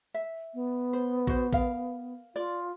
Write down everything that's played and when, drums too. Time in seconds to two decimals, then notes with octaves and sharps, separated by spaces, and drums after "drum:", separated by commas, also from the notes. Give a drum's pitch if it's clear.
0.14 E5
0.54 B3
0.93 C5
1.27 F#4 C5, drum: kick A1
1.53 A#4 F5, drum: kick A1
2.36 F4 D5